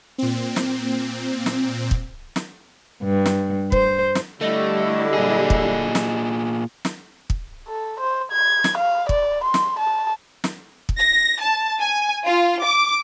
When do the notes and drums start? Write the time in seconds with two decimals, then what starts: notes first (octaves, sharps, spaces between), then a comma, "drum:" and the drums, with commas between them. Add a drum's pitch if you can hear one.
0.18 A#2 C4
0.56 drum: snare
1.46 drum: snare
1.91 drum: kick
2.36 drum: snare
3.03 G2
3.26 drum: snare
3.72 C5, drum: kick
4.15 drum: snare
4.41 D3 G3 A3 E4 D#5
5.14 A#2 G#4
5.50 drum: kick
5.95 drum: snare
6.85 drum: snare
7.30 drum: kick
7.68 A4
8.00 C5
8.32 G#6
8.64 drum: snare
8.77 F5
9.09 D5, drum: kick
9.44 C6
9.54 drum: snare
9.79 A5
10.44 drum: snare
10.89 drum: kick
11.00 A#6
11.40 A5
11.81 G#5
12.27 F4
12.64 D6